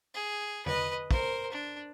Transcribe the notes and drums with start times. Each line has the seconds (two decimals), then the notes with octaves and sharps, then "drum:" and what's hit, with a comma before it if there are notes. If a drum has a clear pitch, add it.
0.14 G#4
0.66 B4 D#5, drum: tom E2
1.11 A#4 C5, drum: kick
1.52 D4